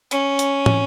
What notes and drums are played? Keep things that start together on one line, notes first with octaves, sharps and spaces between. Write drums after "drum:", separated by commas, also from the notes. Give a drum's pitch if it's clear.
C#4, drum: hi-hat
drum: hi-hat
drum: tom